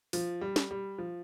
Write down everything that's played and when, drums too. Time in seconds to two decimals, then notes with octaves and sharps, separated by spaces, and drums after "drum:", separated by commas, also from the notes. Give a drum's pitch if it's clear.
0.13 F3, drum: open hi-hat
0.41 G3
0.56 drum: snare
0.71 G3
0.98 F3